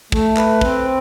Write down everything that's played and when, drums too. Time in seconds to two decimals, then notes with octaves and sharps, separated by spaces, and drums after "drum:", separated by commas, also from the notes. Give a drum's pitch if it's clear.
0.12 A3, drum: kick
0.37 B4, drum: clap
0.61 C4, drum: kick